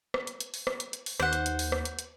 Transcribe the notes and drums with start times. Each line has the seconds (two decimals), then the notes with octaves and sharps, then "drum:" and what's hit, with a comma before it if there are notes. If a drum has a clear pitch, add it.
0.14 drum: rim click
0.27 drum: hi-hat
0.40 drum: hi-hat
0.54 drum: open hi-hat
0.67 drum: rim click
0.80 drum: hi-hat
0.93 drum: hi-hat
1.06 drum: open hi-hat
1.20 D#2 C5 F#5, drum: rim click
1.33 drum: hi-hat
1.46 drum: hi-hat
1.59 drum: open hi-hat
1.72 drum: rim click
1.85 drum: hi-hat
1.99 drum: hi-hat